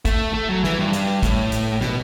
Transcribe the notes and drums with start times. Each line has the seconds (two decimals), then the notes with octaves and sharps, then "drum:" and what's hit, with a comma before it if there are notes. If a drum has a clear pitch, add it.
0.05 A3, drum: kick, hi-hat
0.34 A3
0.49 F#3
0.64 E3, drum: snare
0.78 G2
0.93 drum: hi-hat
1.23 A2, drum: kick, hi-hat
1.52 drum: hi-hat
1.81 B2, drum: snare